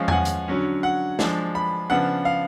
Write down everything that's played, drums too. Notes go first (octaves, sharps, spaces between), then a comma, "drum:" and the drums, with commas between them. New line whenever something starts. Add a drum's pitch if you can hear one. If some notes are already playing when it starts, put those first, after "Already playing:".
Already playing: F3 G#3 C#4 F5
G#5, drum: tom E2
F#5
drum: hi-hat
D3 F#3 C#4
F#5
F3 G#3 D4, drum: snare
B5
C#3 F3 B3 D4 F#5
F5